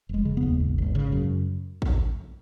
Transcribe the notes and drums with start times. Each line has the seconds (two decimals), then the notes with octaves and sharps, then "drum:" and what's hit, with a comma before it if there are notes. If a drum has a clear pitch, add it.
0.09 F1 G#3
0.25 C#3
0.37 B3
0.43 D#2
0.60 G#1
0.78 G#1
0.95 C#3
1.12 F#2
1.82 drum: kick